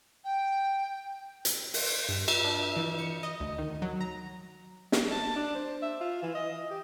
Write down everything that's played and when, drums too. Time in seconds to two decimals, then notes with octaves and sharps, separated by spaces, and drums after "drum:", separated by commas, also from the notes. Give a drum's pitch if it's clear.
0.24 G5
1.45 drum: hi-hat
1.74 drum: open hi-hat
2.09 G2
2.28 E5, drum: cymbal
2.44 D4
2.63 E5
2.76 E3
2.99 C#7
3.23 D#5
3.40 D2
3.58 D#3
3.82 F#3
4.01 A#5
4.92 drum: snare
5.11 A5
5.36 D4
5.55 C5
5.82 E5
6.01 F4
6.22 E3
6.35 D#5
6.70 G4